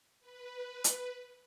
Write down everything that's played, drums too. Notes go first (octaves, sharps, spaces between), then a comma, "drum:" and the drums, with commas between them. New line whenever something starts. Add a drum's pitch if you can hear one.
B4
drum: hi-hat